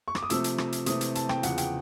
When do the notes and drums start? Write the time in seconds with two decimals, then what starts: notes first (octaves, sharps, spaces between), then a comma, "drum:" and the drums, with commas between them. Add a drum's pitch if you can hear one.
0.08 C#6
0.15 D6, drum: rim click
0.23 D#6
0.30 C3 F3 A3 C4 E6, drum: hi-hat
0.44 drum: hi-hat
0.58 drum: rim click
0.72 drum: hi-hat
0.86 C3 E3 A3 C4 D#6, drum: hi-hat
1.01 drum: hi-hat
1.15 A5, drum: hi-hat
1.29 G5, drum: rim click
1.43 E2 C#3 F3 F#5, drum: hi-hat
1.58 G5, drum: hi-hat